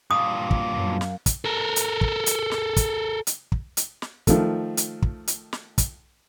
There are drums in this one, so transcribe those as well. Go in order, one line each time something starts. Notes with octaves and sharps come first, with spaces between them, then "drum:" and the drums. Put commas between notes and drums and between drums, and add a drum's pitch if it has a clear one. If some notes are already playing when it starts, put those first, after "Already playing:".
G2 A#2 F5 D#6
drum: kick
F#2
drum: snare
drum: kick, hi-hat
A4 A#4
drum: hi-hat
drum: kick
drum: hi-hat
drum: snare
drum: kick, hi-hat
drum: hi-hat
drum: kick
drum: hi-hat
drum: snare
D#3 F3 A3, drum: kick, hi-hat
drum: hi-hat
drum: kick
drum: hi-hat
drum: snare
drum: kick, hi-hat